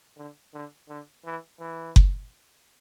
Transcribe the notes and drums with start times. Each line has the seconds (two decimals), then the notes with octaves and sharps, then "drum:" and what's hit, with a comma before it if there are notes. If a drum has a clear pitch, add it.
0.17 D3
0.54 D3
0.89 D3
1.25 E3
1.60 E3
1.96 drum: kick F#1